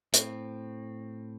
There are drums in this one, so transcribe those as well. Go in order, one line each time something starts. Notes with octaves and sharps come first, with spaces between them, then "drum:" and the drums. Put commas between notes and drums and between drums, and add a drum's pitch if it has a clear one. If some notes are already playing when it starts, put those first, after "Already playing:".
A2 C4, drum: hi-hat